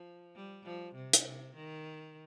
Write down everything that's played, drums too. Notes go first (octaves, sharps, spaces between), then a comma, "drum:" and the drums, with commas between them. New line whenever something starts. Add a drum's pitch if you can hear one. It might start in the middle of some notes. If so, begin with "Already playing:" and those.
Already playing: F3
G3
F3
C3
drum: hi-hat
C3
D#3